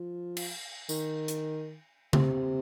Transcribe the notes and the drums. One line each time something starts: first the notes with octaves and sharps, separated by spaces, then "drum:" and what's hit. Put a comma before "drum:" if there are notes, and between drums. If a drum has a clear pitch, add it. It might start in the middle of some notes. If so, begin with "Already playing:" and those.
Already playing: F3
drum: cymbal
D#3, drum: tambourine
drum: hi-hat
C3, drum: tom C#3